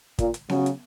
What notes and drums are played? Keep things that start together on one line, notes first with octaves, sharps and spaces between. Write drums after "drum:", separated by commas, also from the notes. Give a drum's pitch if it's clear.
A#2, drum: kick, hi-hat
drum: hi-hat
C#3 F#3, drum: snare B3
drum: hi-hat